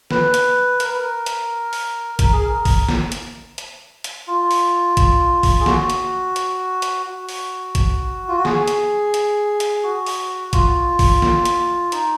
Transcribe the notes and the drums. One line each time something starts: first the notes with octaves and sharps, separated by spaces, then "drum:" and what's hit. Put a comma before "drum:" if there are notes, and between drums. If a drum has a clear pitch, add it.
B4, drum: snare
drum: hi-hat
A#4, drum: hi-hat
B4
A#4
drum: hi-hat
drum: open hi-hat
A#4, drum: kick, hi-hat
G#4
A#4
drum: kick, open hi-hat
drum: snare
drum: hi-hat
drum: hi-hat
drum: hi-hat
F4
drum: open hi-hat
drum: kick, hi-hat
drum: kick, open hi-hat
G#4
F#4, drum: snare
drum: hi-hat
drum: hi-hat
drum: hi-hat
F#4
drum: open hi-hat
drum: kick, hi-hat
F4
F#4
G#4, drum: snare
drum: hi-hat
drum: hi-hat
drum: hi-hat
F#4
drum: open hi-hat
F4, drum: kick, hi-hat
drum: kick, open hi-hat
drum: snare
drum: hi-hat
D#4, drum: hi-hat